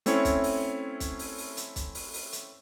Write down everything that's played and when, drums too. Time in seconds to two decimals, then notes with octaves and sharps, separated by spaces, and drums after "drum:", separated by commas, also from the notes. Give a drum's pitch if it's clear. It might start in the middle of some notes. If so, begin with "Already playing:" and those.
0.06 A3 C4 C#4 E4 C#5 C#6, drum: hi-hat
0.25 drum: kick B1, hi-hat
0.44 drum: open hi-hat
1.00 drum: kick B1, hi-hat
1.19 drum: open hi-hat
1.38 drum: open hi-hat
1.57 drum: hi-hat
1.76 drum: kick B1, hi-hat
1.95 drum: open hi-hat
2.14 drum: open hi-hat
2.32 drum: hi-hat